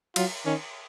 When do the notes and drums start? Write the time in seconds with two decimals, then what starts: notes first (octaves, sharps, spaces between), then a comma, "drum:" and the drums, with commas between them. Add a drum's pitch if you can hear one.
0.16 F#3 F4, drum: cymbal
0.46 D#3 C#4